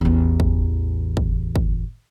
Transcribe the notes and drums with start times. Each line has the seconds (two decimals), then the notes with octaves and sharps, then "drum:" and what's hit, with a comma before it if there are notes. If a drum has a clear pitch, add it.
0.01 A1 E2
0.40 drum: kick
1.17 drum: kick
1.56 drum: kick